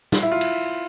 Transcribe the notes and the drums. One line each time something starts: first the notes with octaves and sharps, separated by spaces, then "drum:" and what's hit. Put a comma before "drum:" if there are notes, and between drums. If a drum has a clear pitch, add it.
F4, drum: snare
E4
F4
drum: cymbal